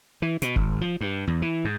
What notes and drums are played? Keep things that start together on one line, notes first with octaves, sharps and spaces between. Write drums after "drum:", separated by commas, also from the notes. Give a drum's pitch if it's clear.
E3
B2, drum: hi-hat
G#1, drum: kick
F3
G2
E2
E3
G#2